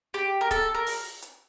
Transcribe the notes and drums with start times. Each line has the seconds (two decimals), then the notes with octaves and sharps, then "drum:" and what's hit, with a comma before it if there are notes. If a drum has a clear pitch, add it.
0.14 G4
0.41 A#4
0.51 A4, drum: kick C#1, hi-hat
0.75 A#4
0.86 drum: open hi-hat
1.22 drum: hi-hat